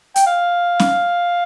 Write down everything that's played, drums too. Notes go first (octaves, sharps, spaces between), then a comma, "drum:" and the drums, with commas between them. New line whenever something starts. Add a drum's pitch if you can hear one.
G5, drum: hi-hat
F5
drum: snare C#4